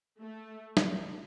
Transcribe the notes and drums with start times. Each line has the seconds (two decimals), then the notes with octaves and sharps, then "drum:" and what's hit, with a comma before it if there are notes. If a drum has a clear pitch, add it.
0.21 A3
0.77 drum: snare